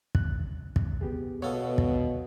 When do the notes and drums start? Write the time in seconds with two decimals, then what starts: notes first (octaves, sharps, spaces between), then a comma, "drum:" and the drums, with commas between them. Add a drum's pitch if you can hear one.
0.15 F#6, drum: kick
0.76 drum: kick
1.01 B3 G4 G#4
1.42 B2 B3 A4 C#5 F5 D#6
1.78 drum: kick